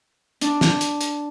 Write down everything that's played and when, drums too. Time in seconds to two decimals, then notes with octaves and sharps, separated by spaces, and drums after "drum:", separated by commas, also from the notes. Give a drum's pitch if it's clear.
0.41 D4, drum: hi-hat
0.61 drum: snare
0.81 drum: hi-hat
1.01 drum: hi-hat